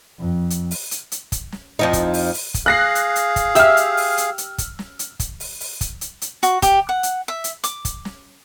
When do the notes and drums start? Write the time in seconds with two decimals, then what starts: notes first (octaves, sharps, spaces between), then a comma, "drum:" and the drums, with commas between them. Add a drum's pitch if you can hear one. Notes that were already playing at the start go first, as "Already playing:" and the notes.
0.19 F2
0.50 drum: hi-hat
0.71 drum: open hi-hat
0.91 drum: hi-hat
1.12 drum: hi-hat
1.32 drum: kick, hi-hat
1.52 drum: snare
1.79 F2 F3 D#4
1.93 drum: kick, hi-hat
2.14 drum: open hi-hat
2.34 drum: open hi-hat
2.54 drum: kick, hi-hat
2.66 G#4 F5 F#6 A#6 C7
2.95 drum: hi-hat
3.16 drum: hi-hat
3.36 drum: kick, hi-hat
3.55 G4 E5 E6 F6, drum: hi-hat
3.77 drum: hi-hat
3.97 drum: open hi-hat
4.18 drum: hi-hat
4.38 drum: hi-hat
4.58 drum: kick, hi-hat
4.79 drum: snare
4.99 drum: hi-hat
5.20 drum: kick, hi-hat
5.40 drum: open hi-hat
5.60 drum: open hi-hat
5.81 drum: kick, hi-hat
6.01 drum: hi-hat
6.22 drum: hi-hat
6.43 F#4, drum: hi-hat
6.62 G4, drum: kick, hi-hat
6.89 F#5
7.03 drum: hi-hat
7.28 E5
7.44 drum: hi-hat
7.64 D6, drum: hi-hat
7.85 drum: kick, hi-hat
8.05 drum: snare